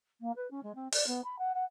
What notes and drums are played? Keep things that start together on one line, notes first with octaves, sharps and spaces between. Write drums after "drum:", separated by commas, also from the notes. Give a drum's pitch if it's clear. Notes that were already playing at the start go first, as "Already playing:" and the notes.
A#3
B4
C#4
G#3
C4
D5, drum: open hi-hat
B3
B5
F#5
F#5